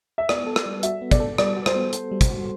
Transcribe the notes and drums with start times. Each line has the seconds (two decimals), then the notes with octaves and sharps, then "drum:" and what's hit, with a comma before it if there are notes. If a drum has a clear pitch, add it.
0.18 E5
0.29 B3 D5, drum: rim click
0.46 A4
0.56 drum: rim click
0.66 G3
0.83 F#4 E5, drum: hi-hat
1.01 B3
1.11 D5, drum: kick, hi-hat
1.20 A4
1.38 G3 D5, drum: rim click
1.56 F#4
1.66 C5, drum: rim click
1.76 B3
1.93 A4, drum: hi-hat
2.11 G3
2.21 drum: kick, hi-hat
2.30 F#4